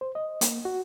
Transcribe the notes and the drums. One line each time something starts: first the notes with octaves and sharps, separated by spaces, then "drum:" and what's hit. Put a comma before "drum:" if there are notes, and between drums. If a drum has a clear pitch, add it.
C5
D#5
A#3, drum: hi-hat
F#4